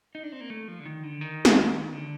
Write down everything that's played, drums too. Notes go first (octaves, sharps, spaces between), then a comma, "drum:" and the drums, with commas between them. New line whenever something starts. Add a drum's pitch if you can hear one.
D#4
D4
C4
A#3
A3
F3
D3
D#3
D3
D#3
drum: snare
D3